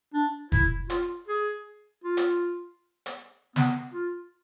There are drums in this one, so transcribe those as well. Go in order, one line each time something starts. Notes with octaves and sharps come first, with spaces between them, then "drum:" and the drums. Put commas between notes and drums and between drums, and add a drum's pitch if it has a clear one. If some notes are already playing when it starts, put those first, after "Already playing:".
D4
E4, drum: kick
F4, drum: hi-hat
G#4
F4
drum: hi-hat
drum: hi-hat
B3, drum: snare
F4